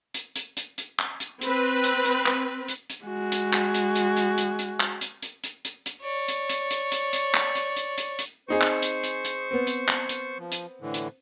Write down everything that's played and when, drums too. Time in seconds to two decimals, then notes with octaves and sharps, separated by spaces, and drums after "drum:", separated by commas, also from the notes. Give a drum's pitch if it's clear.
0.14 drum: hi-hat
0.36 drum: hi-hat
0.57 drum: hi-hat
0.78 drum: hi-hat
0.99 drum: clap
1.20 drum: hi-hat
1.41 C4 B4, drum: hi-hat
1.84 drum: hi-hat
2.05 drum: hi-hat
2.26 drum: clap
2.68 drum: hi-hat
2.90 drum: hi-hat
3.04 G#3 F#4
3.32 drum: hi-hat
3.53 drum: clap
3.74 drum: hi-hat
3.95 drum: hi-hat
4.17 drum: hi-hat
4.38 drum: hi-hat
4.59 drum: hi-hat
4.80 drum: clap
5.01 drum: hi-hat
5.22 drum: hi-hat
5.44 drum: hi-hat
5.65 drum: hi-hat
5.86 drum: hi-hat
6.03 C#5 D5
6.28 drum: hi-hat
6.50 drum: hi-hat
6.71 drum: hi-hat
6.92 drum: hi-hat
7.13 drum: hi-hat
7.34 drum: clap
7.55 drum: hi-hat
7.77 drum: hi-hat
7.98 drum: hi-hat
8.19 drum: hi-hat
8.48 C4 D#4 G#4 C5 C#6
8.61 drum: clap
8.82 drum: hi-hat
9.04 drum: hi-hat
9.25 drum: hi-hat
9.51 B3 C4
9.67 drum: hi-hat
9.88 drum: clap
10.09 drum: hi-hat
10.38 F3
10.52 drum: hi-hat
10.81 A2 D3 E3
10.94 drum: hi-hat